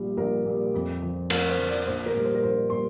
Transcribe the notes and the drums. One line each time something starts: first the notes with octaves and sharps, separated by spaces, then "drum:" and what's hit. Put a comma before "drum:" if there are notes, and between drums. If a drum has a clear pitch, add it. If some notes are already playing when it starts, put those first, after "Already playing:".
Already playing: A#1 A#2 G3
A#1 A#4
A#2 G3
F2
F3
F2 A#4, drum: cymbal
C5
F3
D5
A#1 C5
A#4
A#2 G3
C5
A#4
A#1 C5
A#2 G3 C6